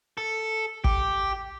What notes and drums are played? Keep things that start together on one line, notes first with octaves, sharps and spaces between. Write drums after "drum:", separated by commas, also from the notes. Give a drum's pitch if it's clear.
A4
G4, drum: kick